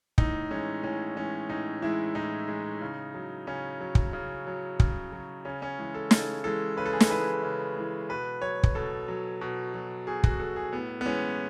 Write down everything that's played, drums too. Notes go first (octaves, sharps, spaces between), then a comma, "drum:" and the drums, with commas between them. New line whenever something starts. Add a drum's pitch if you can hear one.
A2 D#4, drum: kick
E3 G#3 C#4
A2 C#4
E3 G#3 C#4
A2 D#4
E3 G#3 E4
A2 D#4
E3 G#3
C#3
F#3
C#3 C#4
F#3
drum: kick
C#3
F#3
C#3, drum: kick
F#3
C#3 C#4
C#4
E3 G#3
A4
C#3 A4, drum: snare
E3 G#3 A4
C#3 B4
A4
G#4
A4, drum: snare
E3 G#3 B4
C#3
E3 G#3
B2 B4
F#3 C#5
drum: kick
B2 A4
F#3
B2
F#3
B2 G#4
F#4, drum: kick
F#3 A4
G#4
A2 B3
B3
E3 G#3 C#4